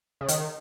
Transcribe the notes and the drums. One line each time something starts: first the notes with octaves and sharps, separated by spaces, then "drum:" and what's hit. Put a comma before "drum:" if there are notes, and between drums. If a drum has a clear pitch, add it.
C#3
D#3, drum: hi-hat